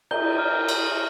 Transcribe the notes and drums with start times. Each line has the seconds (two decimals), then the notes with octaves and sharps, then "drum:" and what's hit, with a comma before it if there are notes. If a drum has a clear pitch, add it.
0.11 A#5 G6 G7, drum: cymbal
0.38 F6
0.69 drum: cymbal